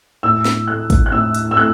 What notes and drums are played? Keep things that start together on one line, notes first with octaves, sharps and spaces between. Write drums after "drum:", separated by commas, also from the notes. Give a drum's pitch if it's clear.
A2 E6
drum: snare
A3 F#6
drum: kick, hi-hat
F#6
A2 E6
drum: hi-hat
E6
A3 F#6